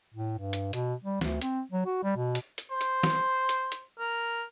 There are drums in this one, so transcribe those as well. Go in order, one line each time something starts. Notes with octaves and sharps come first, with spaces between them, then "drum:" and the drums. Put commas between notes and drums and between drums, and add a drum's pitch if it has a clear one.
A2
G2
drum: hi-hat
B2, drum: hi-hat
G3
D2, drum: snare
C4, drum: hi-hat
F#3
F#4
G3
B2
drum: hi-hat
drum: hi-hat
C5
drum: hi-hat
drum: snare
drum: hi-hat
drum: hi-hat
A#4